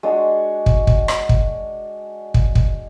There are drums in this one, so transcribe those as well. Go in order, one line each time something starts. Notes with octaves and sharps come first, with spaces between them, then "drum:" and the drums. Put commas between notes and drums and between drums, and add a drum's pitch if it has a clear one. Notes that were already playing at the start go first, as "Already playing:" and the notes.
G#3 D4 F#4
drum: kick
drum: kick
drum: rim click
drum: kick
drum: kick
drum: kick